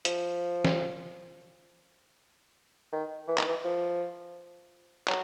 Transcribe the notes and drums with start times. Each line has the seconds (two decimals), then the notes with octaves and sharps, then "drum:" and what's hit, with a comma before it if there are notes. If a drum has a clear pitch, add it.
0.05 F3, drum: hi-hat
0.65 drum: snare
2.92 D#3
3.28 E3
3.38 D#3, drum: clap
3.48 E3
3.64 F3
5.08 F#3, drum: clap